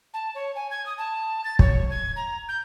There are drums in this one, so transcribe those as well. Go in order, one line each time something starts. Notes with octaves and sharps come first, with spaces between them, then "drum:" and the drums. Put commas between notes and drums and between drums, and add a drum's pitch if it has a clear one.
A5
C#5
G#5
G#6
D#6
A5
A6
C#5, drum: kick
G#6
A#5
G6